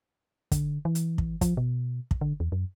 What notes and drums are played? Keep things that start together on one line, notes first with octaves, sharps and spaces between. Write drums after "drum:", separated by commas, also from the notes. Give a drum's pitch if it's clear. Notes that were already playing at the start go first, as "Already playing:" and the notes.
D3, drum: kick, hi-hat
E3
drum: hi-hat
drum: kick
F3, drum: kick, hi-hat
B2
drum: kick
D3
E2
F#2